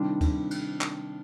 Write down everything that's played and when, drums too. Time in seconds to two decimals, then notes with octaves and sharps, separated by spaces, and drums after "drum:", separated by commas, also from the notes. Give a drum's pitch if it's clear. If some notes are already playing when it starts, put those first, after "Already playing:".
Already playing: C3 D#3 G3 D4 F4
0.21 drum: kick D2, cymbal
0.51 drum: cymbal
0.81 drum: clap